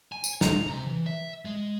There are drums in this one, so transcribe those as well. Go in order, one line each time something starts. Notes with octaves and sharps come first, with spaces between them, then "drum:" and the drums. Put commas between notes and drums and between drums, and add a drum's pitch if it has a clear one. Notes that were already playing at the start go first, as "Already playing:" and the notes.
G#5
drum: tambourine
A#5, drum: snare
C3
E3
E5
G#3